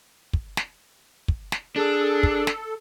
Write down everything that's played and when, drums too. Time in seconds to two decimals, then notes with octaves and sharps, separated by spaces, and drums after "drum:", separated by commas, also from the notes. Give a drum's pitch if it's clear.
0.33 drum: kick
0.57 drum: snare
1.28 drum: kick
1.52 drum: snare
1.76 D4 G#4 A4
2.23 drum: kick
2.47 drum: snare